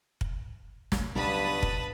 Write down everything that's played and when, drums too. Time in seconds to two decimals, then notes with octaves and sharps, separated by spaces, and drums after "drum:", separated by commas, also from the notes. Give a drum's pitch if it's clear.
0.21 drum: kick
0.92 drum: snare
1.15 C#2 G2 B2 F#3 B4 A5 B5 D#6
1.63 drum: kick